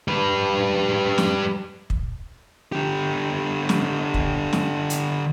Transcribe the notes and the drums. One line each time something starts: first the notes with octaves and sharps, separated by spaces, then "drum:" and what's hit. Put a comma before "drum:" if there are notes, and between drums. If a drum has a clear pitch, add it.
G3 B4
drum: snare
drum: kick
D3 G4
drum: snare
drum: kick
drum: snare
drum: hi-hat